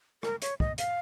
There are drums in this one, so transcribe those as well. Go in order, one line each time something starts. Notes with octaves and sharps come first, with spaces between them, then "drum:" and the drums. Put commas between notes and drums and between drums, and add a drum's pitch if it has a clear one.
A#4, drum: rim click
C#5, drum: hi-hat
D#5, drum: kick
F5, drum: hi-hat